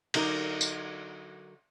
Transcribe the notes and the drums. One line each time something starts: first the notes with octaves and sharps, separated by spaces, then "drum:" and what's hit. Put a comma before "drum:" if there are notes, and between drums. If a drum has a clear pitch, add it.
D3 F#3 D#4 A#4 D#5, drum: cymbal
drum: tambourine